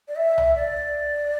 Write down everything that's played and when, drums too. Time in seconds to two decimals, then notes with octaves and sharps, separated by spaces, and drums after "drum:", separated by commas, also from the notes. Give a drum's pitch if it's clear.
0.08 D5
0.16 E5
0.38 drum: tom C2
0.56 D5